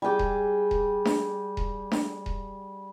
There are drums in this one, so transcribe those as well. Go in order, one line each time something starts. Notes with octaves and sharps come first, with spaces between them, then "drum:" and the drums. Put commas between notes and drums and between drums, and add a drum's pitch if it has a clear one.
G3 G#4 G5 D6
drum: kick D#1
drum: kick D#1
drum: snare D4
drum: kick D#1
drum: snare D4
drum: kick D#1